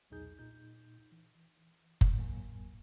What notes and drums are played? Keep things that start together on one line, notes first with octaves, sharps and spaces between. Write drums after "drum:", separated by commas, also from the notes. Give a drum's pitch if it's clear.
B1 E2 A#2 D#4 G#4 G6
A#2 D#4 G6
E3
drum: kick F#1
E2 F#3 A#3 G#5